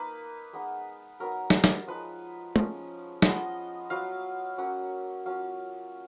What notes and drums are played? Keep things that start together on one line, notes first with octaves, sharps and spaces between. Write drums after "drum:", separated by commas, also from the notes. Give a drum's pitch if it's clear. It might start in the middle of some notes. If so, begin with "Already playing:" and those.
Already playing: A#3 D#4 B4
G#3 B3 D#4
F#3 B3 D#4 A#4
drum: snare
drum: snare
F3 G#3 D#4 B4
F3 G#3 C#4, drum: tom
F3 B3 F4 D#5, drum: snare
F#3 B3 F4 F5
F#3 A#3 C#4 F#5
F#3 C#4 F4 F5